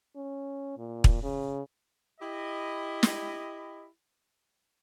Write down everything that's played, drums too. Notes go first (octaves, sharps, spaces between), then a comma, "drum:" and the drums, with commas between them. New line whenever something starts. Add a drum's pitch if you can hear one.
C#4
A#2
drum: kick
C#3
E4 G4 D#5
drum: snare